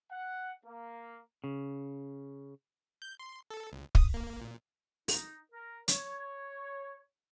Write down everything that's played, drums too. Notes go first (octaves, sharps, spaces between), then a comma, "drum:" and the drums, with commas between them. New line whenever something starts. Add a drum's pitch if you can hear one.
F#5
A#3
C#3
G6
C6
A4
C#2
D#6, drum: kick
A#3
A#2
D#4, drum: open hi-hat
A#4
C#5, drum: hi-hat